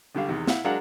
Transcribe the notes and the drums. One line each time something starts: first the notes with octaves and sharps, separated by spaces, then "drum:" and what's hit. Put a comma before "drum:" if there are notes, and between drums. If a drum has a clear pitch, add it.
C#2 D3 G3 F5
E2 C3 D#3
E4 F5 F#5, drum: snare
F#3 G#3 D4 A#4 F5 F#5